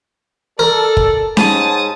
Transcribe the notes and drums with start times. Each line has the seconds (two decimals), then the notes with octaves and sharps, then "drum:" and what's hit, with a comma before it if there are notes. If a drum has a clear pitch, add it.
0.59 A4 A#4 D5
0.97 drum: kick
1.37 D#2 G#2 A5 D#6, drum: snare C#4